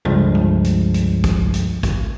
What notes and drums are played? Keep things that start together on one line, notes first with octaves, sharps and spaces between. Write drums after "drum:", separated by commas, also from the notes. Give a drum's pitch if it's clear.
C#2 G2 F3 G#3, drum: tom
drum: tom D3
drum: hi-hat
drum: hi-hat
drum: kick, hi-hat
drum: hi-hat
drum: kick, hi-hat